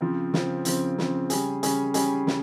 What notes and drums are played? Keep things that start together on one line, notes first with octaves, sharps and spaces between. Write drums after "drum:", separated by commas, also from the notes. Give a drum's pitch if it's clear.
C#3 F3 C4
C#3 F3 C4, drum: snare
C#3 F3 C4, drum: hi-hat
C#3 F3 C4, drum: snare
C#3 G3 C#4 G#4, drum: hi-hat
C#3 G3 C#4 G#4, drum: hi-hat
C#3 G3 C#4 G#4, drum: hi-hat
C#3, drum: snare